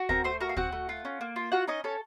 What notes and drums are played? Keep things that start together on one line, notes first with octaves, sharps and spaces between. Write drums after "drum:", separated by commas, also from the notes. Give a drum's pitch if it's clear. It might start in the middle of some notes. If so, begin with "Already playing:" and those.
Already playing: F#4
C4 A#4 A#5, drum: kick
A3 C5 C6
F#4 A#4 A#5
F5
C4 F#4 F#5, drum: kick
A3
F4
C#4
A#3
F4
F4 F#4 F#5
C#4 D#4 D#5
C#4 A4 C#5